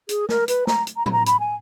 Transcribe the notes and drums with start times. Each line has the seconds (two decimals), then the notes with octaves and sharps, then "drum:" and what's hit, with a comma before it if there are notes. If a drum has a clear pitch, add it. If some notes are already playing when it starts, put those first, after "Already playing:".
0.09 G#4, drum: hi-hat
0.29 A#4, drum: snare
0.48 B4, drum: hi-hat
0.67 A#5, drum: snare
0.87 drum: hi-hat
0.97 A#5
1.06 B5, drum: tom A2
1.12 A#5
1.26 B5, drum: hi-hat
1.40 G#5